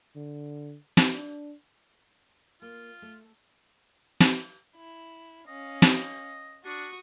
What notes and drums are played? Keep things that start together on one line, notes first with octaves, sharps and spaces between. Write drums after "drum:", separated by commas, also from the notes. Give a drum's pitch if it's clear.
D3
drum: snare
D4
A#3 F4
A3
drum: snare
E4
C#4 D#5 F5
drum: snare
D4 F#4 C#6 D#6